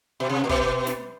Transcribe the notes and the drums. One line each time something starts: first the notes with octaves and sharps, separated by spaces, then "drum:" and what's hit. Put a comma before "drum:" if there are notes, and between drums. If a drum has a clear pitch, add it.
B2
C3
A#2
B2, drum: kick
drum: snare